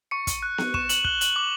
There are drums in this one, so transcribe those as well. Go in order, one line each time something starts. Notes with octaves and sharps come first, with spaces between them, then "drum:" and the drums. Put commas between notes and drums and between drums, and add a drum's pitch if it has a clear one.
C#6 C#7
drum: kick, hi-hat
F#6
drum: snare B3
C#6 E7, drum: kick
F#7, drum: hi-hat
F#6 G7, drum: kick
F#7, drum: hi-hat
D6